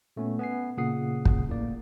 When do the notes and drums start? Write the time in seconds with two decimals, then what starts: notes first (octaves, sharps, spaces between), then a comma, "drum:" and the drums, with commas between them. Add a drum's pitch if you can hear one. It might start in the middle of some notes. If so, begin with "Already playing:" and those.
0.16 A#2 A3 B3 C#4
0.39 B3 G#5 C7
0.77 A#2 C#3 A#3 F#5 D#6 C7
1.25 drum: kick
1.49 A2 A#3 D5